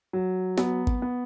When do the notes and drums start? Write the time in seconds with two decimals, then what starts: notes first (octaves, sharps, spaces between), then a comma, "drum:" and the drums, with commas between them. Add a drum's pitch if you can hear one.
0.13 F#3
0.58 B3, drum: snare
0.87 drum: kick G#1
1.02 B3